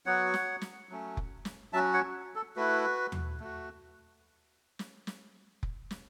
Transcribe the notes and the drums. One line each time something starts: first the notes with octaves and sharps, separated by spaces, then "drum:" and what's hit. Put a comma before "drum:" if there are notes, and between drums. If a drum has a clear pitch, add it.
F#3 B3 F#4 C#5 F#5
drum: snare
drum: snare
F#3 A3 C#4
drum: kick F1
drum: snare
F#3 C#4 F#4 E5 A5
C#5 F#5
A4
A3 E4 F#4 B4
drum: tom D#2
A3 F#4
drum: snare
drum: snare
drum: kick F1
drum: snare